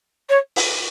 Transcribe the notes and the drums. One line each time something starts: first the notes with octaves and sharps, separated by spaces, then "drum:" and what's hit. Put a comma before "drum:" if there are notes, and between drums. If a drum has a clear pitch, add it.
C#5
drum: open hi-hat